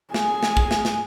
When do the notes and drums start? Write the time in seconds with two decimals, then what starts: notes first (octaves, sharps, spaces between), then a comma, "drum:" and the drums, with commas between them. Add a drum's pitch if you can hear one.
0.14 G#4 G#5, drum: snare
0.43 drum: snare
0.57 drum: kick
0.71 drum: snare
0.85 drum: snare